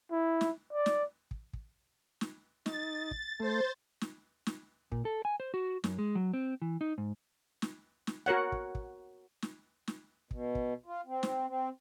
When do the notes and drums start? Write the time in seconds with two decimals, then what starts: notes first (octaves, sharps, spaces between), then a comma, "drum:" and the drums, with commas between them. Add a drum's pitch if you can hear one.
0.11 E4
0.41 drum: snare
0.73 D5
0.86 drum: snare
1.31 drum: kick
1.53 drum: kick
2.21 drum: snare
2.66 D#4 A6, drum: snare
3.11 drum: kick
3.40 A3 C5 A6
4.01 drum: snare
4.46 drum: snare
4.92 A#2, drum: kick
5.05 A4
5.25 G#5
5.40 C5
5.54 F#4
5.84 F#2, drum: snare
5.99 G#3
6.15 F#3
6.34 C4
6.62 E3
6.81 D#4
6.98 G#2
7.62 drum: snare
8.07 drum: snare
8.26 F#4 A#4 C#5 F#5
8.52 drum: kick
8.75 drum: kick
9.42 drum: snare
9.87 drum: snare
10.31 B2, drum: kick
10.55 drum: kick
10.86 F4
11.06 C4
11.23 drum: snare
11.48 C4